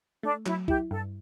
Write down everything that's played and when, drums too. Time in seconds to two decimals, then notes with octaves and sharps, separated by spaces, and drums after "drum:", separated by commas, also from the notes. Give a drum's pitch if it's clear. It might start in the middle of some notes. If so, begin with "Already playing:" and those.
0.23 A3 D4
0.46 F#3 E4, drum: clap
0.68 E4 G4, drum: kick
0.91 G2 A4